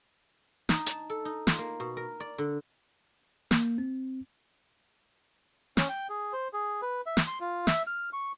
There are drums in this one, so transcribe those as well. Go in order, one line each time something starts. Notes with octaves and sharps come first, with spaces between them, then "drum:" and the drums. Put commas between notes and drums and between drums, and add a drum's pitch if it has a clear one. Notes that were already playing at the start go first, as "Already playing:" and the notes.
D#4, drum: snare
A5, drum: hi-hat
A4
D#4
F4, drum: snare
A#3
B2
A#4
D5
D3
A#3, drum: snare
C4
C#4, drum: snare
G5
G#4
C5
G#4
B4
E5
drum: snare
C6
F4
E5, drum: snare
F6
C#6